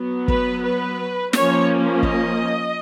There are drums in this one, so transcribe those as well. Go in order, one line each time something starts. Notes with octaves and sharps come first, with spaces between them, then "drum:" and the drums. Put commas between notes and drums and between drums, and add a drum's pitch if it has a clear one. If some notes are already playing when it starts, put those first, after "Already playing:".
Already playing: F#3 B3
B4, drum: kick
B4
F3 A#3 C#4 C#5, drum: snare
D#5, drum: kick